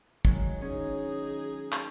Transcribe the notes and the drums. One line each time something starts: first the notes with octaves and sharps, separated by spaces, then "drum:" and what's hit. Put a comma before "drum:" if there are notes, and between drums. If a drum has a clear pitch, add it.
D#3 F#3 G#3, drum: kick
C#4 D#4 G#4
drum: clap